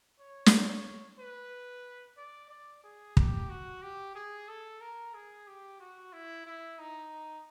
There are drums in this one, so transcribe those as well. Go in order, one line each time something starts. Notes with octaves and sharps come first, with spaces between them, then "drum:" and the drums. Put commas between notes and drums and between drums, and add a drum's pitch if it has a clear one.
C#5
drum: snare
B4
D5
D5
G#4
G4, drum: kick
F#4
G4
G#4
A4
A#4
G#4
G4
F#4
E4
E4
D#4